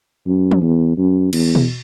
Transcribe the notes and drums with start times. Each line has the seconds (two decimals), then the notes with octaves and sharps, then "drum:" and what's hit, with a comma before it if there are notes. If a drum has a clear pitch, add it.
0.27 F#2
0.51 drum: tom E3
0.62 E2
0.97 F#2
1.33 E2, drum: cymbal
1.55 drum: tom B2